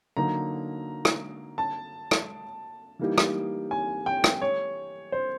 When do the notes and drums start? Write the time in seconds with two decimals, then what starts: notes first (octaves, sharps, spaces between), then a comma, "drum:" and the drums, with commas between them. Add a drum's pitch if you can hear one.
0.17 D3 F#3 A#3 D#4 A#5
1.05 drum: rim click
1.58 A5
2.11 drum: rim click
2.99 E3 G3 A#3 D#4 G4
3.18 drum: rim click
3.71 G#5
4.06 G5
4.24 drum: rim click
4.42 C#5
5.12 C5